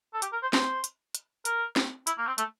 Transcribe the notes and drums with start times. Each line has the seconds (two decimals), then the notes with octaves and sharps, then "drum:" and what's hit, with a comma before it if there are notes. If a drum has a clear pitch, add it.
0.14 A4
0.22 G4, drum: hi-hat
0.32 A#4
0.42 C5
0.53 C5, drum: snare
0.84 drum: hi-hat
1.15 drum: hi-hat
1.45 A#4, drum: hi-hat
1.76 drum: snare
2.07 E4, drum: hi-hat
2.18 A#3
2.27 C4
2.38 A3, drum: hi-hat